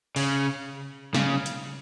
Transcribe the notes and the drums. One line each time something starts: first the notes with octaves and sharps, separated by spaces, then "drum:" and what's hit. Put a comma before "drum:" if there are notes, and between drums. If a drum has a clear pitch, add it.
C#3, drum: open hi-hat
C#3, drum: snare
drum: hi-hat